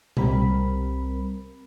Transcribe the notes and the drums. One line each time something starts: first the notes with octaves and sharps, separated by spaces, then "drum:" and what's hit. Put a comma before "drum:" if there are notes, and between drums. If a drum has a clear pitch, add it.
C2 G3 C4 A#4 B5, drum: tom B2